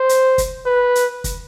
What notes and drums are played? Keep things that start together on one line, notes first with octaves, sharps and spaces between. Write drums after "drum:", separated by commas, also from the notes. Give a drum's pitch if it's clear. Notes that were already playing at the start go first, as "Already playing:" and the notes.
Already playing: C5
drum: hi-hat
drum: kick, hi-hat
B4
drum: hi-hat
drum: kick, hi-hat